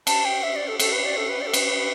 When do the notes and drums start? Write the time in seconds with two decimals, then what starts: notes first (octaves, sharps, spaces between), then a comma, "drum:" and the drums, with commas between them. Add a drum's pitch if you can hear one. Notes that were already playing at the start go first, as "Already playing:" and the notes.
0.07 A5, drum: cymbal
0.25 G5
0.43 E5
0.56 D5
0.68 A4
0.79 A4, drum: cymbal
0.93 B4
1.05 D5
1.17 A4
1.29 B4
1.41 D5
1.47 A4
1.53 B4, drum: cymbal